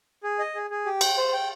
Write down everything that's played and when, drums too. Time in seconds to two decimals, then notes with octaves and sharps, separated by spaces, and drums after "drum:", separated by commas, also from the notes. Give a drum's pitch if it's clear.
0.24 G#4
0.39 D#5
0.55 G#4
0.71 G#4
0.86 G4
1.01 G5, drum: cymbal
1.17 C5
1.33 G5